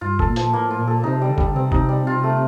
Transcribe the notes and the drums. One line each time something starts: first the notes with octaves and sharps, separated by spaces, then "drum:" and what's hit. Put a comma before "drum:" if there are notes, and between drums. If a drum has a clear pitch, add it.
G2 F4
A4, drum: kick G#1
A#2
F3, drum: hi-hat
A2 A#3
F4
A#2
A4
C3 D#4
G3
D3
G3, drum: kick G#1
C3 C4
D#4, drum: kick G#1
G3
F4
A3